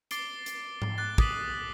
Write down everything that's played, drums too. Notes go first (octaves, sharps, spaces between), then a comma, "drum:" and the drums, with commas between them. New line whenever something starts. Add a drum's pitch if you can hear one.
D6 A6 C7 D7 G7, drum: hi-hat
drum: hi-hat
drum: tom G#2
D6 F#6 A6
D6 D#6 A6 B6 D#7 F#7, drum: kick